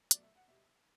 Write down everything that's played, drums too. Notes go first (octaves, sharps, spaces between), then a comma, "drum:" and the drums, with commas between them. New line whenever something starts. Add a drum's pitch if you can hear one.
B2 F#3 A3 D5, drum: hi-hat
E5
F#5
B2 G3 B3 E5